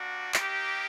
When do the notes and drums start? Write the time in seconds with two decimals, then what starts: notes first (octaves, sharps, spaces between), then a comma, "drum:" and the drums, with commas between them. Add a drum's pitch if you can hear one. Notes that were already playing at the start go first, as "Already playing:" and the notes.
Already playing: G3 A#3 D4 F#4
0.34 A#3 D#4 G4, drum: clap